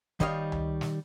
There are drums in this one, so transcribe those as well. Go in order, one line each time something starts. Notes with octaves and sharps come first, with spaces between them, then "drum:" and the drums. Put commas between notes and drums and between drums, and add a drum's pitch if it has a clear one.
D#3 G3 C#5 D#5 F5, drum: kick
drum: tom C#2
drum: snare